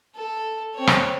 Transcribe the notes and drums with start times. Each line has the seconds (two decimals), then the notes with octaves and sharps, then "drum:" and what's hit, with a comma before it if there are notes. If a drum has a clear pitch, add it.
0.16 A4
0.75 C4 C#5
0.87 drum: rim click